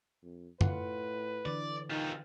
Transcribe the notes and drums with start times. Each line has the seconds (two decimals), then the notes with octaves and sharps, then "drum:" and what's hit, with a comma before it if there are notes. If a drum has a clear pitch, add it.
0.23 F2
0.61 A2 F4 B4 F#5, drum: tom F#2
1.46 D3 E3 D5
1.90 D#3 D#4 F4 G4